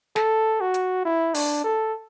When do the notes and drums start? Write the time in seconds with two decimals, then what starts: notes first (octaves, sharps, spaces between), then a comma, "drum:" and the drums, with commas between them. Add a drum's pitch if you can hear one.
0.16 A4, drum: snare
0.61 F#4
0.74 drum: hi-hat
1.05 E4
1.34 D4, drum: open hi-hat
1.64 A4